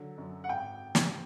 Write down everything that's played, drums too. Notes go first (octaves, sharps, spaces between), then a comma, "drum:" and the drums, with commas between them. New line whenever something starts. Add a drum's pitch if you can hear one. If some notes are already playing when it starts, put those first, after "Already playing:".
Already playing: D3 F#3
F#2
F#5
G#1 G5
drum: snare